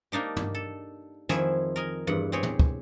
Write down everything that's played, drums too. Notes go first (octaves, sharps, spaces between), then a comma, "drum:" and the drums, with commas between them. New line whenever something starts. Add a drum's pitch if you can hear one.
A#3 D4 D#4 G4
drum: tom
A4
F2 D#3 F3 E4 G#4 G#5, drum: hi-hat
A#4 D#5 G#5
E2 G2 F#5
C4 G4 G#4 C#5
drum: tom
drum: kick